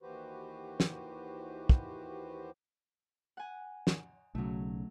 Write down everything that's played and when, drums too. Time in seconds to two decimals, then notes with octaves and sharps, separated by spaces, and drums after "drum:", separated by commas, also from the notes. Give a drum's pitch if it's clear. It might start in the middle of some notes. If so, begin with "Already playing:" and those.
0.02 D#2 E3 F#4 G4 B4 C5
0.80 drum: snare
1.69 drum: kick
3.37 F#5 G#5
3.87 drum: snare
4.35 B1 C#3 F#3 A3